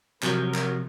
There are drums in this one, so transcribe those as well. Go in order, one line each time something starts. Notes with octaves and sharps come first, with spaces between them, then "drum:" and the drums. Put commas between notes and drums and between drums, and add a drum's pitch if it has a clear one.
C3 F3 F#3 A#4, drum: clap
drum: clap